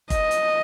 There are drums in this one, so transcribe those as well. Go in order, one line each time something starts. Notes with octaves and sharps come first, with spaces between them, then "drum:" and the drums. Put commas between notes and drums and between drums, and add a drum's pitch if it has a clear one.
D#5, drum: kick, hi-hat
drum: hi-hat